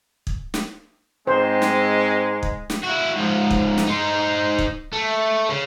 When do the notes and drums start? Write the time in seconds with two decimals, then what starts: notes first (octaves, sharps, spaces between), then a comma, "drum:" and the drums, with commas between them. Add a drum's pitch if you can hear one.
0.27 drum: kick
0.54 drum: snare
1.27 G#2 G#3 C4 C5
1.62 drum: snare
2.43 drum: kick
2.70 drum: snare
2.83 E4 F#4
3.16 G#2 F3
3.51 drum: kick
3.78 drum: snare
3.87 D#4 C5
4.59 drum: kick
4.93 A3
5.49 C#3